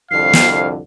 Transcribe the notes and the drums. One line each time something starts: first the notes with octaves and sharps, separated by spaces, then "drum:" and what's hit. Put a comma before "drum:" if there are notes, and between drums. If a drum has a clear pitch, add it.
C2 F2 D3 F5 C7
drum: snare